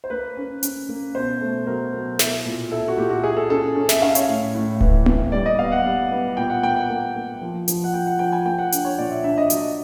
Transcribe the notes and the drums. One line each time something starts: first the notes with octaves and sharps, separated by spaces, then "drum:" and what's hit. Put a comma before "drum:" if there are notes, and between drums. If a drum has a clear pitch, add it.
C5
A#3 B4
C#4
C#4, drum: hi-hat
A#3
B2 C5
A3
F#3 A#4
B2
E4, drum: snare
A#2
E4 A4
F#4
A#2 G4
F#4
E4 G#4
A4
C#4 A4
C#4
E5, drum: snare
C#4 F5
C#5, drum: hi-hat
A2
A2
E3, drum: kick D1
E3, drum: tom A#3
G3 D5
D#5
B3 F5
F#5
G3
B3
A#2 G5
F#5
A#3 G5
F#5
A#3
A#3
F3
F3, drum: hi-hat
F#5
A#3 G5
F#5
F3 G5
G#5
A#3 G5
F#5
D4, drum: hi-hat
C#5
A#2 D5
E5
D4 E5
D#5
F#3, drum: hi-hat